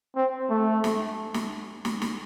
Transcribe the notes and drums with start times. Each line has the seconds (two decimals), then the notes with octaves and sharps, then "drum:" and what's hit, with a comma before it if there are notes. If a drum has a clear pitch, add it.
0.16 C4
0.50 A3
0.84 drum: snare
1.34 drum: snare
1.85 drum: snare
2.02 drum: snare